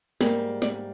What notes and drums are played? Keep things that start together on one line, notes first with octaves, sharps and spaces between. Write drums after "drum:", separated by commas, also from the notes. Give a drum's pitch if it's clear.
G#2 G3 A#3 G#4, drum: snare
D5, drum: snare